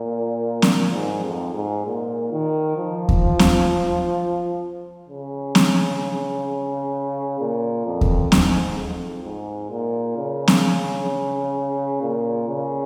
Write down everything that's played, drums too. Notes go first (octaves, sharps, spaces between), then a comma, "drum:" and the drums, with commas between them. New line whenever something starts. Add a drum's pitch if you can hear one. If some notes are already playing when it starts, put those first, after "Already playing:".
Already playing: A#2
drum: snare C4
G#2
F2
G#2
A#2
D#3
F3
drum: kick D#2
drum: snare C4
C#3
drum: snare C4
A#2
F2
drum: kick D#2
G#2, drum: snare C4
F2
G#2
A#2
C#3
drum: snare C4
A#2
C#3